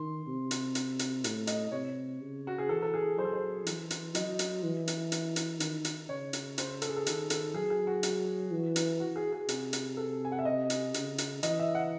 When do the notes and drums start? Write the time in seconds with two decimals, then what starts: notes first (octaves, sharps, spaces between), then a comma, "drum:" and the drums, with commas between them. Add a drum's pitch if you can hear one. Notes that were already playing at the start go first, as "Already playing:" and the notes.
Already playing: D#3 C6
0.26 C3
0.51 drum: hi-hat
0.75 drum: hi-hat
0.99 drum: hi-hat
1.24 A2, drum: hi-hat
1.47 D#5, drum: hi-hat
1.72 C3 C#5
2.20 C#3
2.47 F#4
2.58 G#4
2.69 E3 A4
2.82 A4
2.94 G#4
3.18 F#3 C5
3.25 A4
3.33 C5
3.67 E3, drum: hi-hat
3.90 drum: hi-hat
4.15 F#3 D#5, drum: hi-hat
4.39 drum: hi-hat
4.63 E3
4.88 drum: hi-hat
5.12 drum: hi-hat
5.36 drum: hi-hat
5.60 D#3, drum: hi-hat
5.85 drum: hi-hat
6.09 C#3 C#5
6.33 drum: hi-hat
6.58 C5, drum: hi-hat
6.82 A4, drum: hi-hat
6.89 G#4
6.96 A4
7.06 D#3, drum: hi-hat
7.30 A4, drum: hi-hat
7.54 F#3 G#4
7.70 G#4
7.87 F#4
8.03 drum: hi-hat
8.51 E3
8.76 drum: hi-hat
9.00 F#4
9.16 G#4
9.32 G#4
9.49 C3, drum: hi-hat
9.73 drum: hi-hat
9.97 A4
10.25 G#5
10.32 F#5
10.39 E5
10.45 D#5
10.70 drum: hi-hat
10.94 C#3, drum: hi-hat
11.18 drum: hi-hat
11.43 E3 D#5, drum: hi-hat
11.59 E5
11.75 F#5